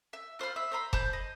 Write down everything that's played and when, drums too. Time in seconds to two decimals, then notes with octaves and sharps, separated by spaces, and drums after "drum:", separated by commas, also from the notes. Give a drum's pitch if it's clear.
0.13 E5
0.39 F4 C5 B5 F6
0.56 E5
0.72 C5 A#5 B5
0.93 C5 A5 B5 G6, drum: kick F1
1.13 D#5